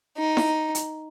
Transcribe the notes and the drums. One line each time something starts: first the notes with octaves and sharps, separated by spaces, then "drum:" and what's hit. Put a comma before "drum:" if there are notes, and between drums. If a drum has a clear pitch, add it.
D#4
drum: snare E4
drum: hi-hat